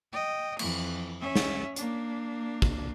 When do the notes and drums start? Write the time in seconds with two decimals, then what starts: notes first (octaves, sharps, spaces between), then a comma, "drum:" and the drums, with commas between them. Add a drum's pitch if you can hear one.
0.13 D#5 G5
0.59 F2 E3, drum: cymbal
1.21 C#4 E5
1.36 drum: snare
1.76 A#3 D4, drum: hi-hat
2.62 drum: kick